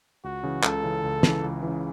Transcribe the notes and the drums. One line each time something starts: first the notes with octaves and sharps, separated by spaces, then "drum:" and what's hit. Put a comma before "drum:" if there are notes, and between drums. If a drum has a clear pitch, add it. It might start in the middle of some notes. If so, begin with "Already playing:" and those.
C#2 F#4
C#3 E3
C#2 A4, drum: clap
C#3 E3
C#2
C#3 E3, drum: snare
C#2
C#3 E3